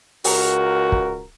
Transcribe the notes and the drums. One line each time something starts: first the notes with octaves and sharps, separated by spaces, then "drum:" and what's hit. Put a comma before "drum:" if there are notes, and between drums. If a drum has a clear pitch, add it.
C#2 F#4 A#4, drum: open hi-hat
drum: kick